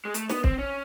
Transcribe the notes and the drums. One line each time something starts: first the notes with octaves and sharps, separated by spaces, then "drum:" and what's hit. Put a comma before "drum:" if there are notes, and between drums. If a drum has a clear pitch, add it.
G#3
A3, drum: hi-hat
B3, drum: snare
C4, drum: kick
C#4